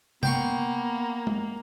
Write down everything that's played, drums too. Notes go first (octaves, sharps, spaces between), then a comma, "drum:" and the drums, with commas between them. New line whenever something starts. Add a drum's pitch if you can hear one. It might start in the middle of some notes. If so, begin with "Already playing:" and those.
A#3 B3 G5 C6 C#6, drum: tom C3
drum: tom G#3